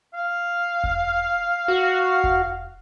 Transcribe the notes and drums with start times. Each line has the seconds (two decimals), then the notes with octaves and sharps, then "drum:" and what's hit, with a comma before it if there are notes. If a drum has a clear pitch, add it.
0.14 F5
0.84 drum: kick E1
1.68 F#4
2.24 drum: kick E1